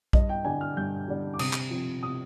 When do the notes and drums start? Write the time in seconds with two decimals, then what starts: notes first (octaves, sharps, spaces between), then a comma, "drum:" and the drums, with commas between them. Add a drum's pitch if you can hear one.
0.13 G2 D#5, drum: kick A#1
0.29 G5
0.44 D3 G3 D4 G#5
0.61 F6
0.77 G2 G6
1.08 D3 G3 D4
1.34 D6
1.39 C3 D#6, drum: cymbal
1.53 drum: clap
1.70 F3 C4
2.03 C3 D#6